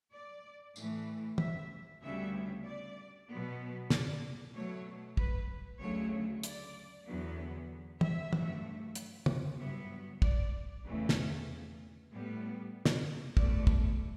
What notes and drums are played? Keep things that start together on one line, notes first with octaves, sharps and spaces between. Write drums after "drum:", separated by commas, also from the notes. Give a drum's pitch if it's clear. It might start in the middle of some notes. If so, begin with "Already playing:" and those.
D5
A2 E3 A3, drum: tambourine
E5, drum: tom
D2 C#3 G3 B3 E5
D5
B2 F#3 B3
D5, drum: snare
B2 F#3 A3 C#5
B4, drum: kick
D2 C#3 F#3 A3 C#5
D5, drum: hi-hat
E2 D3 F#3 B3
E5, drum: tom
G2 F#3 A3, drum: tom
drum: hi-hat
drum: tom
G2 F#3 B3 E5
D5, drum: kick
E2 C#3 E3 A3
drum: snare
A2 G3 B3
drum: snare
E2 B2 A3 D5, drum: kick
drum: kick